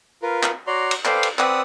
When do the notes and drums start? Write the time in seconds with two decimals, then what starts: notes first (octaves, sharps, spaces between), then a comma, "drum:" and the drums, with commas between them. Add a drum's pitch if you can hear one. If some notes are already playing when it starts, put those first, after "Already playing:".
0.22 F4 A#4 B4
0.43 drum: clap
0.67 F#4 C#5 D5 A#5 C6
0.91 drum: cymbal
1.05 A4 B4 C5 D5 F5 G5, drum: clap
1.23 drum: cymbal
1.39 C4 B4 D5 F#5 D#6 E6, drum: clap